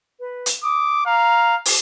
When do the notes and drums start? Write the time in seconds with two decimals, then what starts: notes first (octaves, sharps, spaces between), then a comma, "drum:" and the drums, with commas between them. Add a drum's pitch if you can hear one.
0.20 B4
0.46 drum: hi-hat
0.64 D6 D#6
1.06 F5 A#5
1.65 drum: open hi-hat